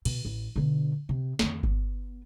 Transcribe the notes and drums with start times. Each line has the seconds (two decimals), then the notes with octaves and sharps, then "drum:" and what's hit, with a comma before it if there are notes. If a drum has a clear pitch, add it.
0.05 B2, drum: cymbal
0.25 A1
0.56 B2 D3
1.09 C3
1.39 F2 D#3, drum: snare
1.63 B3, drum: kick G1